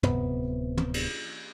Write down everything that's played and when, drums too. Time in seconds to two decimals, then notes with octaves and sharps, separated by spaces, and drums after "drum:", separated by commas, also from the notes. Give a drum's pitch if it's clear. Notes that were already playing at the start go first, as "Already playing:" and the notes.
0.03 D1 C3 B3, drum: tom
0.77 drum: tom
0.94 drum: cymbal